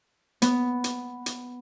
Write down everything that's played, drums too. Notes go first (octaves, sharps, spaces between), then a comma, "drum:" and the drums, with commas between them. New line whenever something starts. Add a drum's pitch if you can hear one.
B3, drum: hi-hat
drum: hi-hat
drum: hi-hat